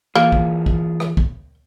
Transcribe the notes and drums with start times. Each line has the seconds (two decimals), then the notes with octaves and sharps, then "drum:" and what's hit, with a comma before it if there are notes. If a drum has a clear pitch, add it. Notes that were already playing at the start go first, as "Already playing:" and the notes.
0.15 E3 A#3 F4 G#4
0.32 drum: kick
0.66 drum: kick
1.00 drum: rim click
1.17 drum: kick